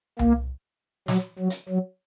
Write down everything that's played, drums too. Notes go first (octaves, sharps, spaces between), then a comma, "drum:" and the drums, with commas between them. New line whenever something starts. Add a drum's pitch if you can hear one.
A#3, drum: tom C2
F#3, drum: snare
F#3
drum: hi-hat
F#3